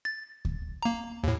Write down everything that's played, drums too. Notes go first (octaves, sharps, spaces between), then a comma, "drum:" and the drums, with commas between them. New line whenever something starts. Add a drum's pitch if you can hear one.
A6
drum: kick D2
A#3 A#5
D#2 A2